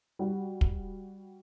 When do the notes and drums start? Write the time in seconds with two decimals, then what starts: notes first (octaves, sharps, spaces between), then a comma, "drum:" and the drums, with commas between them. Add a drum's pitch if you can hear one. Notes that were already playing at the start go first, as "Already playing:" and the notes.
0.19 G3 F#4
0.61 drum: kick